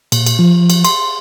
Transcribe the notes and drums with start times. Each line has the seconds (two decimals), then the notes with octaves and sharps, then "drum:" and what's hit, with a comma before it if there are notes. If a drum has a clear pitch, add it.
0.12 A#2, drum: cymbal
0.26 drum: cymbal
0.39 F3
0.70 drum: cymbal
0.85 C6, drum: cymbal